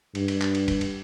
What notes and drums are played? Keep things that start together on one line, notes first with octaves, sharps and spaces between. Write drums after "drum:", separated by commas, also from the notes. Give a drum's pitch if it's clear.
G2, drum: cymbal
drum: cymbal
drum: clap
drum: cymbal
drum: kick, cymbal
drum: cymbal